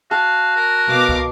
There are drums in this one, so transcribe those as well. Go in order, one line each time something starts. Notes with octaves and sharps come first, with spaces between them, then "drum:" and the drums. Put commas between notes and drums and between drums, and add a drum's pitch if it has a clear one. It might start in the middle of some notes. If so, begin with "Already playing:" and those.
F#4 F5 A5
A#4
B2 F5 D6
drum: kick